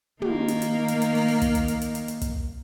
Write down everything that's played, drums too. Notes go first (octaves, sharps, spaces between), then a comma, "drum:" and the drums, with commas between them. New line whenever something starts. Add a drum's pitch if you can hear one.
D#3 A#3, drum: tom
drum: hi-hat
drum: hi-hat
drum: hi-hat
drum: hi-hat
drum: open hi-hat
drum: open hi-hat
drum: kick, hi-hat
drum: hi-hat
drum: hi-hat
drum: hi-hat
drum: hi-hat
drum: hi-hat
drum: kick, hi-hat